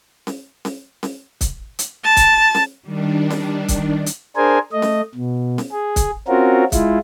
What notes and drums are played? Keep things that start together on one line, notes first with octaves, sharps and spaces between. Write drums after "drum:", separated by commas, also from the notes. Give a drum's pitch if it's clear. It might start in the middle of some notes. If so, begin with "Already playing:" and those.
drum: snare C#4
drum: snare C#4
drum: snare C#4
drum: kick, hi-hat
drum: hi-hat
A5
drum: kick, hi-hat
drum: snare C#4
D#3 G3 D4
drum: snare C#4
drum: kick, hi-hat
drum: hi-hat
D4 G#4 A#4 C5 G#5
A3 D#5
drum: snare C#4
B2
drum: snare C#4
G#4
drum: kick, hi-hat
C4 C#4 F4 F#4 A#4
G#3 E4 F4, drum: kick, hi-hat